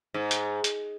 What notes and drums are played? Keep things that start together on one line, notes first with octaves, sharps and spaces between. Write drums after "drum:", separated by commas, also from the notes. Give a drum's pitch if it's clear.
G#2
drum: hi-hat
drum: hi-hat